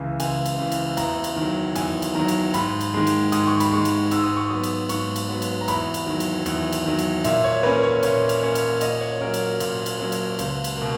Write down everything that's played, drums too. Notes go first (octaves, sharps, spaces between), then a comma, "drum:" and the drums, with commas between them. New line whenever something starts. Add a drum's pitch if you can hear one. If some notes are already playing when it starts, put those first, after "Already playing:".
Already playing: C#2 C#3 E3
C#2 G#5, drum: cymbal
drum: cymbal
C#3 E3
drum: cymbal
E2 A#5, drum: cymbal
drum: cymbal
D#3
F#3
E2 G#5, drum: cymbal
drum: cymbal
D#3 F#3 A#5
drum: cymbal
G#2 B5, drum: cymbal
drum: cymbal
D#3 G#3
drum: cymbal
G#2 D#6, drum: cymbal
C#6
B5, drum: cymbal
D#3 G#3 C#6
drum: cymbal
G#2 E6, drum: cymbal
D#6
C#6
F#3 B3 D#6
drum: cymbal
G#2 C#6, drum: cymbal
drum: cymbal
F#3 B3
drum: cymbal
A#5
E2 B5, drum: cymbal
drum: cymbal
D#3 F#3
drum: cymbal
E2, drum: cymbal
drum: cymbal
D#3 F#3
drum: cymbal
A#2 E5, drum: cymbal
C#5
A#3 C#4 B4
C#5
A#2 C#5, drum: cymbal
drum: cymbal
A#3 C#4
drum: cymbal
A#2 D#5, drum: cymbal
C#5
F#3 A#3 C#4 A#4
drum: cymbal
A#2, drum: cymbal
drum: cymbal
F#3 A#3 C#4
drum: cymbal
C#2, drum: cymbal
drum: cymbal
B2 A#3